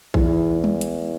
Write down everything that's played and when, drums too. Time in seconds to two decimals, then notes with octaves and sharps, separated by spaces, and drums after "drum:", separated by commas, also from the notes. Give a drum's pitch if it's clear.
0.14 E2 E3, drum: kick A#1
0.64 drum: tom G3
0.81 drum: hi-hat